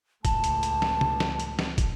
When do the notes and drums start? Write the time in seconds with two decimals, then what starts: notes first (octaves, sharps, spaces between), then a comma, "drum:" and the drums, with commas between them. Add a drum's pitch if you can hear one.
0.25 C#2 A2 A5, drum: kick, hi-hat
0.44 drum: hi-hat
0.63 drum: hi-hat
0.82 drum: snare
1.01 drum: tom C3
1.20 drum: snare
1.40 drum: hi-hat
1.59 drum: snare
1.78 drum: kick, hi-hat